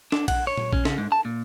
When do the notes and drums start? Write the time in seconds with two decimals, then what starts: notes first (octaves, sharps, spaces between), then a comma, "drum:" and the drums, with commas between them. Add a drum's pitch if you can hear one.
0.12 D4, drum: snare
0.28 F#5, drum: kick A#1, cymbal
0.47 C#5
0.57 drum: tom A#2
0.73 C#4, drum: kick A#1
0.85 C#3, drum: snare
0.98 G#2
1.12 A5
1.25 A#2